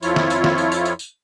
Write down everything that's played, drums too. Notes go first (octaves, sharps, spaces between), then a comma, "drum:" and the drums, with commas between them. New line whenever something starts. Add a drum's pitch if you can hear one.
F2 F3 E4 F4 C#5, drum: tambourine
drum: snare
drum: tambourine
drum: snare
drum: tambourine
drum: tambourine
drum: tambourine
drum: tambourine